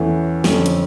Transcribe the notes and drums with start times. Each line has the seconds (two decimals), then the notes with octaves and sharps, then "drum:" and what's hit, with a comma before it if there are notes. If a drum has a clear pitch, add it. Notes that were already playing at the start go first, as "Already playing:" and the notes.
Already playing: E2 E3 A3 C#4
0.44 F2 D3 F3 C#4, drum: snare
0.66 drum: hi-hat